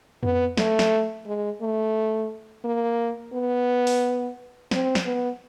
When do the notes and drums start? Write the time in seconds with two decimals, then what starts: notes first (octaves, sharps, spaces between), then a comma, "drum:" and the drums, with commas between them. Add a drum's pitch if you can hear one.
0.23 B3, drum: tom F2
0.57 A3, drum: snare
0.79 drum: snare
1.26 G#3
1.62 A3
2.65 A#3
3.33 B3
3.87 drum: open hi-hat
4.71 C4, drum: snare
4.95 drum: snare
5.06 B3